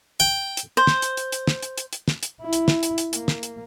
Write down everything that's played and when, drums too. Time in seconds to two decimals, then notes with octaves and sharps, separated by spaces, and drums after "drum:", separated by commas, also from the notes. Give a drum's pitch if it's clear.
0.20 G5
0.57 drum: hi-hat
0.77 C5
0.87 drum: snare
1.02 drum: hi-hat
1.17 drum: hi-hat
1.32 drum: hi-hat
1.47 drum: snare
1.62 drum: hi-hat
1.78 drum: hi-hat
1.93 drum: hi-hat
2.08 drum: snare
2.23 drum: hi-hat
2.41 E4
2.53 drum: hi-hat
2.68 drum: snare
2.83 drum: hi-hat
2.98 drum: hi-hat
3.13 A#3, drum: hi-hat
3.28 drum: snare
3.43 drum: hi-hat